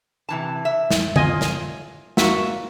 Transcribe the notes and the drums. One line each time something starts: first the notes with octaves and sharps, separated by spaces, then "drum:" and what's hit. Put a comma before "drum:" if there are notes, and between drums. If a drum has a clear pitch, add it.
C3 E3 A5
E5
drum: snare
F4 D#5 G#5, drum: tom D3
drum: snare
A#3 F#4 E5, drum: snare